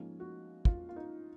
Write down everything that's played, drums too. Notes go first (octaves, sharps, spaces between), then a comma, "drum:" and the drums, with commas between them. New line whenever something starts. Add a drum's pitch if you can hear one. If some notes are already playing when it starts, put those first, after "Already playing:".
Already playing: G#2 F3 A#3 C#4
F#4
F4, drum: kick
F4
D#4